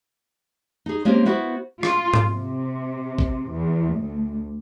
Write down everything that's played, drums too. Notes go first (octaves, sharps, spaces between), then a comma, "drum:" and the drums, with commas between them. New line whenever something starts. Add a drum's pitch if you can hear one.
D#4 G#4
G#3 A#3 C4 C#4 F4 G4
B3 E4 F#4 B4 C5
F4, drum: rim click
drum: tom G#2
C3
drum: kick
E2
D2